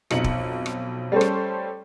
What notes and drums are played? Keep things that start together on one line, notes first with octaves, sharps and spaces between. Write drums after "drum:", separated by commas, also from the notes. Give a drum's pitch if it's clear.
B1 F2 D#4 C#7 F#7, drum: rim click
drum: kick
drum: rim click
G3 A3 C#4 A4 C5
drum: rim click